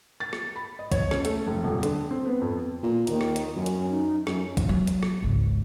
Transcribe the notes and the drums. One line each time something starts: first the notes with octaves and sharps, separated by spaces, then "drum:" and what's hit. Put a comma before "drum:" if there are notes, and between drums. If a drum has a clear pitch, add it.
A6
drum: rim click
B5
D#5
C#5, drum: kick, hi-hat
C#4, drum: rim click
A3, drum: hi-hat
F1
D#1
D3, drum: hi-hat
C4
B3
F2
A#2
D#2 D#3, drum: hi-hat
drum: rim click
drum: hi-hat
F#2 C#4
drum: hi-hat
D#4
F#2 C#4, drum: rim click
drum: kick, hi-hat
F#3
drum: hi-hat
drum: rim click
G#1 C#2